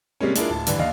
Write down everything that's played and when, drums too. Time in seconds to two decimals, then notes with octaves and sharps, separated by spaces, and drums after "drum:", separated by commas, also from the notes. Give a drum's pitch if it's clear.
0.21 C3 G3 G#3 A#3 C#4
0.36 G#3 D4 E4 F4 A#4, drum: hi-hat
0.50 D1 A5
0.67 G2 D3 E3, drum: hi-hat
0.79 D#2 D3 D#5 F5